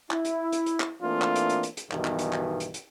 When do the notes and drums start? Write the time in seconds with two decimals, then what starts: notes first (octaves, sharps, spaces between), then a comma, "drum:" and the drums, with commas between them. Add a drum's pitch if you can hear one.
0.11 E4, drum: clap
0.25 drum: hi-hat
0.52 drum: hi-hat
0.66 drum: hi-hat
0.80 drum: clap
1.01 E3 A3 A#3 C4 D4 F4
1.22 drum: clap
1.36 drum: hi-hat
1.49 drum: hi-hat
1.63 drum: hi-hat
1.77 drum: hi-hat
1.91 B1 G2 B2 D#3 E3, drum: clap
2.05 drum: clap
2.19 drum: hi-hat
2.33 drum: clap
2.60 drum: hi-hat
2.74 drum: hi-hat